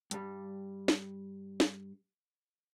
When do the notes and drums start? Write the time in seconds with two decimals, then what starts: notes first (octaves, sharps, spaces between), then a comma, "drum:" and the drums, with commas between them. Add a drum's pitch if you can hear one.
0.11 G2 G3, drum: hi-hat
0.88 drum: snare
1.60 drum: snare